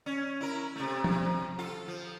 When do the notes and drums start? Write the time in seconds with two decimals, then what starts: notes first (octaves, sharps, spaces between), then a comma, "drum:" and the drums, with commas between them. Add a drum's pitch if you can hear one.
0.06 C#4
0.41 E4 A#4
0.76 C3 A3
1.04 C3, drum: tom F3
1.59 F4 A4
1.88 F3